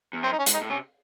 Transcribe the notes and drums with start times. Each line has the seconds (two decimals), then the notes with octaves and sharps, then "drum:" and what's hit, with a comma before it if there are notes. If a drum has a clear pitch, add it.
0.13 E2
0.23 F#2 C4
0.32 D#4
0.39 C#4
0.46 G#2, drum: hi-hat
0.54 D#4
0.61 A2
0.70 C3 C#4